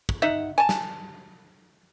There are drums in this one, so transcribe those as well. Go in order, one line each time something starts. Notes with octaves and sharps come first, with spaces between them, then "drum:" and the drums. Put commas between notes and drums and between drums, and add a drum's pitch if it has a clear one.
drum: kick
D#4 E5 F#5
G#5 A5
drum: snare